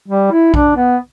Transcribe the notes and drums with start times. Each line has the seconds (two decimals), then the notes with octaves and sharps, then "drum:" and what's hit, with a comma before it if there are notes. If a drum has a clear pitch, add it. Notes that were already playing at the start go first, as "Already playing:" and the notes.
0.08 G3
0.31 E4
0.54 D4, drum: kick A#1
0.76 B3